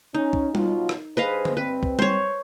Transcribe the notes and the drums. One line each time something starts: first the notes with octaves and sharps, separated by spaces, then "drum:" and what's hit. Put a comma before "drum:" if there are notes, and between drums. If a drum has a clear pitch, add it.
C#4 D#4
drum: kick C2
B2 F#3 F4, drum: tom G3
drum: rim click
G2 G#4 B4 C5 D#5 F5
drum: tom
G2 C4 B4
drum: kick C2
C5 C#5, drum: tom G3